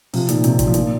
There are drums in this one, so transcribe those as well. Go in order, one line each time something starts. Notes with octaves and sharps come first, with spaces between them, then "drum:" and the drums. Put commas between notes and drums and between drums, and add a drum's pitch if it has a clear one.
C3 F3, drum: open hi-hat
A#2 D#3, drum: hi-hat
G#2 C3, drum: hi-hat
A#2 D#3, drum: kick, hi-hat
F3
A#2 D#3, drum: hi-hat